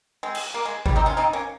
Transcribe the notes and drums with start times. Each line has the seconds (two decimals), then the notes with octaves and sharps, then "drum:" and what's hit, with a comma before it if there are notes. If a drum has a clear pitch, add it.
0.23 G#3 C4
0.35 drum: cymbal
0.54 A#3
0.65 G#3
0.86 G3, drum: kick G#1
0.96 C4 D#4
1.06 C#4 F4
1.17 C4 D#4
1.33 A#3 C#4